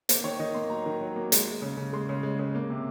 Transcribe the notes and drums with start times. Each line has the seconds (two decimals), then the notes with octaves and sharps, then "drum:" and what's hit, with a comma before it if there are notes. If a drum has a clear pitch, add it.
0.09 A#3 C5, drum: hi-hat
0.24 D#3 C#5
0.39 D#3 D#5
0.54 A#3 C6
0.70 F#3 A#5
0.86 D#3
1.01 F#3
1.16 A#3
1.32 G#3, drum: hi-hat
1.48 G#3
1.62 C#3
1.77 C#3
1.93 G#3 C6
2.09 C#3
2.23 G#3
2.39 C#3
2.55 A#3
2.70 C3